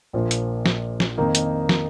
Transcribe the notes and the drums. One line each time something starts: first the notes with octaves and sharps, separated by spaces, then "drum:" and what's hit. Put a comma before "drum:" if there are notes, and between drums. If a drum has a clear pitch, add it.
A#1 A#2 F3
drum: hi-hat
drum: snare
drum: snare
F2 D#3 A#3 D#4
drum: hi-hat
drum: snare